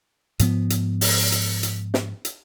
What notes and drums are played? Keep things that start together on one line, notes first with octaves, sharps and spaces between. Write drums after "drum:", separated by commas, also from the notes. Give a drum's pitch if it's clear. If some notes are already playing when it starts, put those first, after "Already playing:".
G#2 F3 B3, drum: hi-hat
drum: hi-hat
drum: open hi-hat
drum: hi-hat
drum: hi-hat
drum: snare
drum: hi-hat